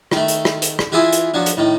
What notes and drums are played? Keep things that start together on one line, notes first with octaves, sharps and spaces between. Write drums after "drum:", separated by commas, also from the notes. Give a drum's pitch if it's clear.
D#3 A3, drum: rim click
drum: hi-hat
drum: rim click
drum: hi-hat
drum: rim click
E3 E4 F4 G#4 E5 D6
drum: hi-hat
F3 F#3 D4
drum: hi-hat
A2 D#3